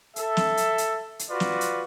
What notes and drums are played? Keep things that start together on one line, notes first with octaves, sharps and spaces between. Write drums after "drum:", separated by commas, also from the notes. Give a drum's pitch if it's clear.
A4 E5, drum: hi-hat
drum: snare
drum: hi-hat
drum: hi-hat
drum: hi-hat
F4 F#4 B4 D5
drum: snare
drum: hi-hat